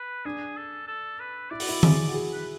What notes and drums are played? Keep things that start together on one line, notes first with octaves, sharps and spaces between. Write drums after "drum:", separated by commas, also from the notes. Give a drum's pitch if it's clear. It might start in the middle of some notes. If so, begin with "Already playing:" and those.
Already playing: B4
D4 G#4
A4
A4
B4
E4 D5
F#4, drum: open hi-hat
E4
G#4, drum: tom D#3
F#4
G#4
B4